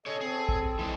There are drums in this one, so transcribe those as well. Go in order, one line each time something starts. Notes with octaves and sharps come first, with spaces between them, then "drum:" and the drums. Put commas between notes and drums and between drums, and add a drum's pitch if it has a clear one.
G#4 A4 C#5 D#5
C4 G#4 A4
drum: kick
E3 G#3 D4